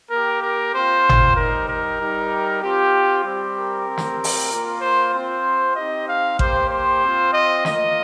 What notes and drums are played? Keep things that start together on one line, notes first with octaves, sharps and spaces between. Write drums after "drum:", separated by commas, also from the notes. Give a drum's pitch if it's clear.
A#3 G4 A#4
A#4
C4 F4 C5
drum: tom G#1
G3 D#4 G4 A#4
A#4
G3 D#4 G4
C4 F4 G4
G3 C4 G4
A#4
C4 G4
drum: snare
drum: open hi-hat
A#3 F4
C5
C4 F4 C5
C4 D#4 G4 D#5
F5
A#3 G4 C5, drum: kick A1
C5
C4 F4
D#5
A#3 F4 D#5, drum: snare